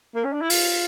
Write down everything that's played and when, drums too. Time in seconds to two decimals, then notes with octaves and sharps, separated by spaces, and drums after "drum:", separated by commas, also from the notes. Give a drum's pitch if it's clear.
0.15 A#3
0.24 C#4
0.33 D4
0.41 E4
0.50 F4, drum: open hi-hat